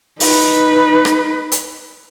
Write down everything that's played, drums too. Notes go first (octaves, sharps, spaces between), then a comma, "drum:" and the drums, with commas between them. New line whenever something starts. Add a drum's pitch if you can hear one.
D#4 B4, drum: open hi-hat
drum: rim click
drum: hi-hat